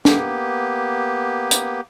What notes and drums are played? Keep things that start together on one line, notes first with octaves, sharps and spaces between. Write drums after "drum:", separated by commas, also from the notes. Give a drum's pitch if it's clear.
A#3 B3 G4, drum: snare
drum: hi-hat